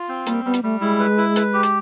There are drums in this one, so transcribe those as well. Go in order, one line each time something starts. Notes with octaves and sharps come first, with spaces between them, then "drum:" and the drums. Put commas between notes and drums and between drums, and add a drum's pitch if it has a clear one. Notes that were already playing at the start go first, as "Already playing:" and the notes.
Already playing: F4
C4
G3 A#3, drum: hi-hat
G3 B3
drum: hi-hat
G3 A3
G#3 E4
B4
E4
B4, drum: hi-hat
G4
drum: hi-hat